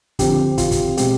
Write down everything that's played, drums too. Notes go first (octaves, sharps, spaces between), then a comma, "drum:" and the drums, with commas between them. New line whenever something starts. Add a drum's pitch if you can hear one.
D3 F3 C4 G4, drum: kick, hi-hat
F4, drum: kick, hi-hat
drum: kick, hi-hat
B2 G#3 C4 G4, drum: hi-hat